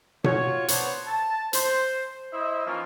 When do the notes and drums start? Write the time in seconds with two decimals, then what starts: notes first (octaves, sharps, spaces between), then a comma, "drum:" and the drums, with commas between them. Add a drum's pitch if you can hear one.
0.24 F4 F#4 C#5, drum: tom B2
0.68 B3 D4 C5 C#5, drum: hi-hat
1.07 A5
1.53 C5, drum: hi-hat
2.33 E4 C5 D#5 E5
2.66 E3 F3 A#3 C#4 D#4 F4